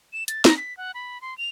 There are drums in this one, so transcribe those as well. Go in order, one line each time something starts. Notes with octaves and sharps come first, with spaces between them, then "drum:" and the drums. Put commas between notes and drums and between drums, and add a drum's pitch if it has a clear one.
E7
A6, drum: hi-hat
A#5, drum: snare
B6
F#5
B5
C6
F7